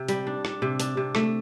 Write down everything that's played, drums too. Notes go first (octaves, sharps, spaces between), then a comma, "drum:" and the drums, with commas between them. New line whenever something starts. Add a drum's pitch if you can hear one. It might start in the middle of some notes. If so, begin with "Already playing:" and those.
Already playing: C3
G3, drum: hi-hat
D4
D4, drum: rim click
C3
D4, drum: hi-hat
C3
A3, drum: rim click